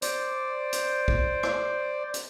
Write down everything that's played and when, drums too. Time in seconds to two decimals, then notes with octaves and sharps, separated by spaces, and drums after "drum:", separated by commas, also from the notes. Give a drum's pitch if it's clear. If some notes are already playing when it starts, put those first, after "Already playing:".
0.02 C5 D5, drum: hi-hat
0.73 drum: hi-hat
1.08 drum: kick
1.43 drum: rim click
2.14 drum: hi-hat